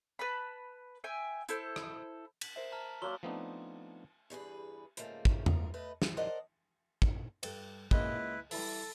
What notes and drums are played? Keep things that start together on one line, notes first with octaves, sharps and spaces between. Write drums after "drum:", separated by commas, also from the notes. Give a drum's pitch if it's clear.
B4 A5 B5
E5 G5 G#5
E4 A4 C5, drum: hi-hat
drum: rim click
B6 F#7, drum: cymbal
A#4 C5 E5
A5 A#5 F6
F#3 A#3 D5 C6 G7
F3 A3 B3 C4 D4 D#4
E2 G2 G#4 B4
G#2 C#3 F3 A3 A#3, drum: hi-hat
drum: kick
A#4, drum: tom E2
A3 B4 D#5
G#4, drum: snare
A#4 C5 D5 D#5 F#5 A5
drum: kick
G2 A4, drum: cymbal
C#2 A#2 G#3 E4 B4, drum: kick
E3 G3 A4, drum: open hi-hat